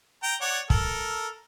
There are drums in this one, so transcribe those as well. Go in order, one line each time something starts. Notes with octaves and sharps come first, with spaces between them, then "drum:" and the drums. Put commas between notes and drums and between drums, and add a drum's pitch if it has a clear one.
G5 A#5
C#5 D5 F#5
A4 A#4, drum: kick